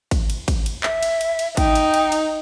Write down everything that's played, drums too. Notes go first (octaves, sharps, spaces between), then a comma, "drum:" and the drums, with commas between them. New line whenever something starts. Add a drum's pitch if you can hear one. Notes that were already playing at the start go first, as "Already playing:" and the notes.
drum: kick, cymbal
drum: cymbal
drum: kick, cymbal
drum: cymbal
E5, drum: clap
drum: cymbal
drum: cymbal
drum: cymbal
D#4 G5, drum: kick, cymbal
drum: cymbal
drum: cymbal
drum: cymbal